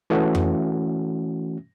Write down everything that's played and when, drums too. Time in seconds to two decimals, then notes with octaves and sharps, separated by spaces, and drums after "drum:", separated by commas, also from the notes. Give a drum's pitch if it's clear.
0.10 E3 A3 C#4 F#4
0.35 drum: tom F2